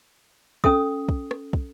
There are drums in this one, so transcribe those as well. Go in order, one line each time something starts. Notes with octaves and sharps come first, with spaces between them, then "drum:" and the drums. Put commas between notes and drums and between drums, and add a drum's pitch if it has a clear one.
C#4 A4 D#6, drum: kick
drum: kick
drum: rim click
drum: kick